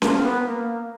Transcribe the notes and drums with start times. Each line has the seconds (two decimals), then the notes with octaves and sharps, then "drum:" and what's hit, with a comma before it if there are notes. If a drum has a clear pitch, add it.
0.02 A#3, drum: snare C#4
0.17 C4
0.23 B3
0.46 A#3